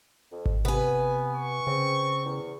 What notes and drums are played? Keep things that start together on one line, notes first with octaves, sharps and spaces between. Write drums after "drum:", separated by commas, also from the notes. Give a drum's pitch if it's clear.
F2
drum: kick G#1
C3 B3 B4 G#5
C#6
C#3 C4
E2